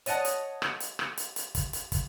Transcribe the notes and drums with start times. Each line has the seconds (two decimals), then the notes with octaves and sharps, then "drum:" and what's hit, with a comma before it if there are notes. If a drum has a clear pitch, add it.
0.06 C#5 D#5 F#5 A5, drum: hi-hat
0.25 drum: hi-hat
0.62 drum: rim click
0.80 drum: hi-hat
0.99 drum: rim click
1.18 drum: hi-hat
1.36 drum: hi-hat
1.55 drum: kick, hi-hat
1.73 drum: hi-hat
1.92 drum: kick, hi-hat